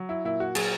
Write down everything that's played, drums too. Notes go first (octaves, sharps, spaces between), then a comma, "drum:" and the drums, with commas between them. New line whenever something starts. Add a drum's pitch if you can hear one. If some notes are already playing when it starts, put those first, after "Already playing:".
Already playing: F#3
E4
A#2 E4
F#4
F#3 G#4, drum: cymbal